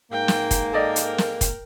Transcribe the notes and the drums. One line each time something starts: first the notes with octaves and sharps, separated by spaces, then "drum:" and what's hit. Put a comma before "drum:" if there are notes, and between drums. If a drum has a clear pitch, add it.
G#2 A#3 G5
drum: snare
drum: kick, hi-hat
A4 A#4 D5 D#5 G5
drum: hi-hat
drum: snare
drum: kick, hi-hat